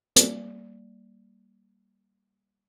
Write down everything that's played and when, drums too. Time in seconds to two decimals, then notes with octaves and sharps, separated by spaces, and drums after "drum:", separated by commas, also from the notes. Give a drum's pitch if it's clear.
0.16 G3 A#3 D5, drum: hi-hat